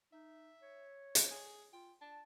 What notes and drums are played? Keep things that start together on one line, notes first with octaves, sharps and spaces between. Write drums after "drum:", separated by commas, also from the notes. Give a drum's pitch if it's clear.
D#4 E5
C#5
drum: hi-hat
G#4
F4 G5
D4 A5